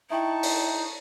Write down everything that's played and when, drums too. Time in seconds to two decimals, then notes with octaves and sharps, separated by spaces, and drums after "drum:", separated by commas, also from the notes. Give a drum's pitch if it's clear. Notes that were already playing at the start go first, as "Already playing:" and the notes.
0.10 D#4 E4 E5 G5 A5 C#6
0.43 drum: open hi-hat